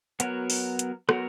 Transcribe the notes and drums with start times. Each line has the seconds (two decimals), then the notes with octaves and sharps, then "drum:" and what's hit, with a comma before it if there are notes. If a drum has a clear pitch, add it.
0.20 F#3 B3 F#4 A#4 C#5, drum: hi-hat
0.50 drum: open hi-hat
0.79 drum: hi-hat
1.09 F#3 B3 F#4 A#4 C#5, drum: rim click